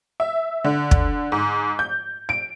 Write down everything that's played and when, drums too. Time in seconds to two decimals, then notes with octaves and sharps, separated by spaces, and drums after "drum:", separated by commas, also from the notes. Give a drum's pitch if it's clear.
0.20 E5
0.65 D3
0.91 drum: kick
1.32 G#2
1.79 G6
2.29 D7